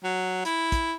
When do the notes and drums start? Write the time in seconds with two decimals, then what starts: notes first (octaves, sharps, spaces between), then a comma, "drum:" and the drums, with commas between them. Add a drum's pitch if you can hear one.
0.04 F#3
0.45 E4, drum: hi-hat
0.72 drum: kick, hi-hat